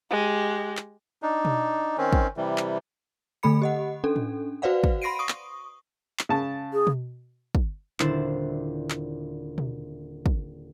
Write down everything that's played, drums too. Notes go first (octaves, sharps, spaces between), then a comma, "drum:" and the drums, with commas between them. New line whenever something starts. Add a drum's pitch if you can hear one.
G#3 G4
drum: clap
D4 D#4
drum: tom B2
D#3 C4 C#4
drum: kick
C3 E3 G3
drum: clap
D3 A3 A4 B5 C#7
G4 D#5 F#5
C#4 D4 A4
drum: tom A2
F#4 B4 C5 D5 F5 F#5
drum: kick
B5 C6 A#6 C7 D7 D#7
C#6 D#6
drum: clap
drum: clap
C#3 A5
G#4
drum: tom B2
drum: kick
D#1 D3 D4 E4 C5 E7, drum: clap
drum: clap
drum: tom B2
drum: kick